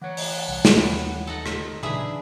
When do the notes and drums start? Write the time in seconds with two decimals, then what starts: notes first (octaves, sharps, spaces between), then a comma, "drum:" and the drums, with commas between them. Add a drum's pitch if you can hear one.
0.01 E3 C#5 F#5
0.17 drum: open hi-hat
0.48 C2
0.65 D#2 C3 B4, drum: snare
1.27 D#4 A4 D#5 F#5
1.46 drum: rim click
1.83 A#2 C#3 E3 F#3 D4 G#4 E5